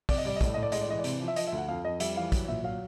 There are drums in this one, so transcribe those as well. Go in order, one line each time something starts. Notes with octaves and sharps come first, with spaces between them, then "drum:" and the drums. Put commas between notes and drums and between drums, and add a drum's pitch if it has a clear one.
C3 D5, drum: kick, open hi-hat
D#5
G3 D5
D#5
A2 D5, drum: kick, hi-hat
A2 D#5
D5
G#3 D#5, drum: hi-hat
D5
E3 D#5
D5
C3, drum: hi-hat
F3
E5
F3 D#5, drum: hi-hat
E5
D2
F#5
F2 F5
F2 D#5
G3 E5, drum: hi-hat
E3 F5
F#3, drum: kick, hi-hat
A#2 E5
F#3 F5